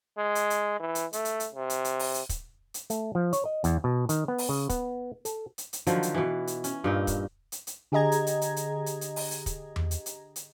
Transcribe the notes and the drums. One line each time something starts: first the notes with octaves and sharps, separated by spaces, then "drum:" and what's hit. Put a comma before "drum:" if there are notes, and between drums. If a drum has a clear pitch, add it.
G#3
drum: hi-hat
drum: hi-hat
E3
drum: hi-hat
A3, drum: hi-hat
drum: hi-hat
drum: hi-hat
C3
drum: hi-hat
drum: hi-hat
drum: open hi-hat
drum: hi-hat
drum: kick, hi-hat
drum: hi-hat
A3, drum: hi-hat
F3
C#5, drum: hi-hat
D#5
E2, drum: hi-hat
B2
D#3, drum: hi-hat
B3
drum: open hi-hat
C#3
B3, drum: kick, hi-hat
A4, drum: hi-hat
drum: hi-hat
drum: hi-hat
D3 D#3 F3 F#3, drum: hi-hat
drum: hi-hat
B2 E3
drum: hi-hat
C#4, drum: hi-hat
G2 A#2 D#4
drum: kick, hi-hat
drum: hi-hat
drum: hi-hat
D3 G4 G#4 D#5 A#5 G#6
drum: hi-hat
drum: hi-hat
drum: hi-hat
drum: hi-hat
drum: hi-hat
drum: hi-hat
drum: open hi-hat
drum: hi-hat
drum: kick, hi-hat
drum: tom E2
drum: hi-hat
drum: hi-hat
drum: hi-hat